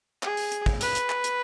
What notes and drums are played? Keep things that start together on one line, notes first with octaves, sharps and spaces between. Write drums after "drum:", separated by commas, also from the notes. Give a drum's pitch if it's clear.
G#4, drum: clap
drum: open hi-hat
drum: hi-hat
drum: kick
B4, drum: hi-hat
drum: hi-hat
drum: clap
drum: hi-hat